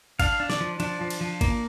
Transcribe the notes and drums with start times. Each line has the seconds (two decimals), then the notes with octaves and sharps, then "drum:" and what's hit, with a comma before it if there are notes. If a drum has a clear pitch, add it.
0.20 D4 F5, drum: kick, cymbal
0.40 D4
0.50 D5, drum: snare
0.60 F3
0.80 F3 D4, drum: cymbal
1.01 F3
1.10 drum: cymbal
1.21 F3
1.41 A#3, drum: kick, cymbal